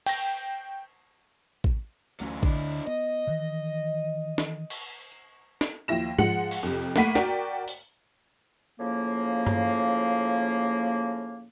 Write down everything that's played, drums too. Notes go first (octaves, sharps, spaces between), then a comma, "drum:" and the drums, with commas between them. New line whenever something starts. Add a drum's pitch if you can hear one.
G5 A#6, drum: cymbal
drum: kick A1
D2 E3 F#3 A3 C#4
D2 D3 D4 E4, drum: kick A1
B3 D#5
D#3 E3
drum: snare
drum: cymbal
drum: tambourine
drum: snare
D#2 F3 E4 A#6 E7
F3 G#3 F#5 C#7 F#7, drum: tom G#2
drum: cymbal
F2 C3
A3 A#3 F#5 B5 B6 D#7, drum: snare
F#4 A#4 D5 G5, drum: snare
drum: open hi-hat
A2 C#3 F3 A#3
drum: tom G2